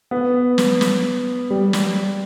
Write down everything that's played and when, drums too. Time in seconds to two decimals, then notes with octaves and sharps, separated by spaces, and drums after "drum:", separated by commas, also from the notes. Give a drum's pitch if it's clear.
0.11 B3
0.58 drum: snare
0.81 drum: snare
1.50 G3
1.73 drum: snare